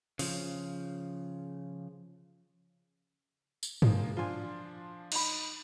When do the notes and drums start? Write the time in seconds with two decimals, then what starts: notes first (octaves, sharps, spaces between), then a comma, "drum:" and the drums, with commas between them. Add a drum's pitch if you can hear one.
0.19 C#3 F3, drum: open hi-hat
3.63 drum: tambourine
3.82 F3 G#3 A#3, drum: tom G2
4.17 F3 D4 F4 G#5 C6
5.12 D#4 B5, drum: cymbal